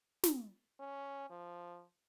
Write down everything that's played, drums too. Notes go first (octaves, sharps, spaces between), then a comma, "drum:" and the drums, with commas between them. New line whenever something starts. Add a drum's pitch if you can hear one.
drum: snare
C#4
F3